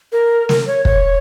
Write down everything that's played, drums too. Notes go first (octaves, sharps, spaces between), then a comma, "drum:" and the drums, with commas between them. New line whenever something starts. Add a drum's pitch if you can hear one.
A#4
A#4, drum: snare
C#5
C#5, drum: kick